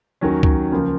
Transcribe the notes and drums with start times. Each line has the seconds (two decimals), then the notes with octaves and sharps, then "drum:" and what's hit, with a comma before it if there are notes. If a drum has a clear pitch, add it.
0.21 D#2 D#3 F#3 C#4
0.43 drum: kick C2
0.72 C#2 C#3 F3 A#3